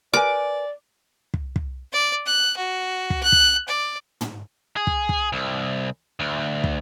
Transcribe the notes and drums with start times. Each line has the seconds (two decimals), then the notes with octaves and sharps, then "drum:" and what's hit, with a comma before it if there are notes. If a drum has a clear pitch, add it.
0.13 A#4 B4 D5 G#5 D6
1.34 drum: kick
1.56 drum: kick
1.93 D5
2.26 F#6
2.57 F#4
3.10 drum: kick
3.23 F#6
3.32 drum: kick
3.68 D5
4.21 drum: tom
4.76 G#4
4.87 drum: kick
5.09 drum: kick
5.33 C2
6.20 D2
6.64 drum: kick